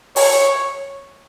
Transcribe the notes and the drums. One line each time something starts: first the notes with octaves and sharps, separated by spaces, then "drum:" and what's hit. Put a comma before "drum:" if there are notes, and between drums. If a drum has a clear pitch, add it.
C#5, drum: open hi-hat